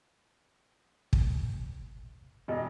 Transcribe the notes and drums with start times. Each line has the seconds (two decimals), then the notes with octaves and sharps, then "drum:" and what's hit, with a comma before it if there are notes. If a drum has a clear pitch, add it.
1.13 drum: kick
2.48 E1 D#5